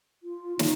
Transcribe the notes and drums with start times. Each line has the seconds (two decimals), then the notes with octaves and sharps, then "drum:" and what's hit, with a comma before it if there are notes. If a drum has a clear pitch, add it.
0.23 F4
0.59 D#4, drum: snare